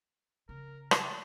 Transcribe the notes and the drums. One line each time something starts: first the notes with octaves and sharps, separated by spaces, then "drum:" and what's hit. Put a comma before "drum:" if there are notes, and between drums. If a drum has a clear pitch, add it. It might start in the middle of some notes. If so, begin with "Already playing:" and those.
C#3 A#4
A5, drum: rim click